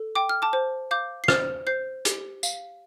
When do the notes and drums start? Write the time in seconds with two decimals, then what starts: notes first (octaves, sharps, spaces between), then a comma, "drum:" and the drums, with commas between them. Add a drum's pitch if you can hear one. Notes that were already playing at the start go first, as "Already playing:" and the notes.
Already playing: A4
0.15 G5 D6
0.29 F6
0.42 A5 D6
0.53 C5
0.91 F5 D6 G6
1.24 C7
1.28 C5 F6 A6, drum: rim click
1.67 C5 G6 C7
2.05 G4, drum: hi-hat
2.43 F5, drum: tambourine